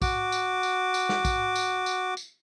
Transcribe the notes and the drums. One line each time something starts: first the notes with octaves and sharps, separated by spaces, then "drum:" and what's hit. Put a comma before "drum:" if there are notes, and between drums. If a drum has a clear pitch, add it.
F#4 D6, drum: kick, tambourine
drum: tambourine
drum: tambourine
drum: tambourine
drum: snare
drum: kick, tambourine
drum: tambourine
drum: tambourine
drum: tambourine